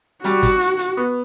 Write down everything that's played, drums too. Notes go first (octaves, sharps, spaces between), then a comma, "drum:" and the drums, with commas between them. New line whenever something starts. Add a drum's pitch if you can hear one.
G3 F#4, drum: hi-hat
drum: kick, hi-hat
drum: hi-hat
drum: hi-hat
B3